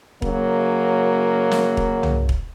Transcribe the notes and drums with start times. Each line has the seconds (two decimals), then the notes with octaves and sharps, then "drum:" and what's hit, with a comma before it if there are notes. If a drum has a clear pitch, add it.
0.22 F#2 C#3 F#3 A#3, drum: kick E1
1.51 drum: snare
1.77 drum: kick E1
2.03 drum: tom
2.29 drum: kick E1